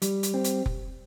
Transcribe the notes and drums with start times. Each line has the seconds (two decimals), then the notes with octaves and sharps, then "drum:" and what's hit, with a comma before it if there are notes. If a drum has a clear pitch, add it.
0.02 G3, drum: hi-hat
0.23 drum: hi-hat
0.34 C4
0.44 drum: hi-hat
0.66 drum: kick F1